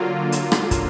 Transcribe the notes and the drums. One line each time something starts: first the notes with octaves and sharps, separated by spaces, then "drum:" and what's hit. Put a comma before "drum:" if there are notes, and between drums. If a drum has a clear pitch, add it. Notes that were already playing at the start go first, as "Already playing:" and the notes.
Already playing: D3 F#3 A#3 F4
drum: hi-hat
drum: rim click
drum: kick, hi-hat